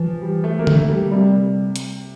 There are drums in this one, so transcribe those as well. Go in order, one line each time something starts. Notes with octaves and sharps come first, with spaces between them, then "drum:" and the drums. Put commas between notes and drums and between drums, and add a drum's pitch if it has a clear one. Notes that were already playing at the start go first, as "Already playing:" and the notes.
Already playing: E3 F3
G3
A3
A#3
A3, drum: tom D3
G3
C3 G3
drum: hi-hat